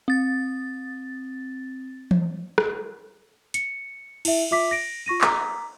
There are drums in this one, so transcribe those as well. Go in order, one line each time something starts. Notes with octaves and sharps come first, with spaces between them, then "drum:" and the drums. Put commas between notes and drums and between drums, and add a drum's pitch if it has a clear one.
C4 A6
drum: tom E3
drum: rim click
C#7, drum: hi-hat
E4 E5, drum: cymbal
F4 E5 D6 B6
A#6 D7
F4 C#6 A#6 D#7
A#5 D6 B6, drum: clap